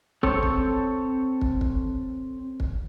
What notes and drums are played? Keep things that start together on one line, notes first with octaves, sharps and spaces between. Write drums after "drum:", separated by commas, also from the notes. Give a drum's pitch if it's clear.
C4 A4 C#5, drum: kick
drum: kick
drum: kick
drum: kick
drum: kick